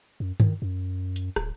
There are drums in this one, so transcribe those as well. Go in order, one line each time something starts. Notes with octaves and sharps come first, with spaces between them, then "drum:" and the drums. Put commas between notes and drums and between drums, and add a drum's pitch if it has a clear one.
F#2
D#3, drum: tom G2
F#2
drum: hi-hat
D1, drum: rim click